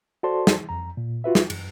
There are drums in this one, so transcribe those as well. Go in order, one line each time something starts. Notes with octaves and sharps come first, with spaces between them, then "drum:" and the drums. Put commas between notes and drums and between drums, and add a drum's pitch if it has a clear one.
F#4 A4 C5 D5 A5 C6
drum: snare
F2 A#5
A#2
F4 F#4 B4 E5
drum: snare
F#2, drum: cymbal